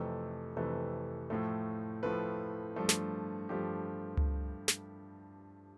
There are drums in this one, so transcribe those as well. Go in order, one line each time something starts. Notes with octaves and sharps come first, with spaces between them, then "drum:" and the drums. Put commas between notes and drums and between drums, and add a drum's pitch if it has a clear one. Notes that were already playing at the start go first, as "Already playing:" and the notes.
Already playing: F2 C3 E3 A3 A4
F2 C3 E3 A3 B4
A2 F3 A3
A2 F3 A3 B4
G2 F3 A3
drum: snare
G2 F3 A3 G4
drum: tom C#2
drum: snare